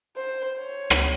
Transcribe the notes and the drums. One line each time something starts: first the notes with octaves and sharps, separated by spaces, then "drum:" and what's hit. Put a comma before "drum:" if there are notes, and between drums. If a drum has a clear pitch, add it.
C5
C#5
drum: rim click